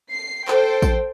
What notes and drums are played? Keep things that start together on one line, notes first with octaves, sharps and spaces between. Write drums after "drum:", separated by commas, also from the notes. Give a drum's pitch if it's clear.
C7
A4 C5 G5, drum: clap
drum: kick A1, tambourine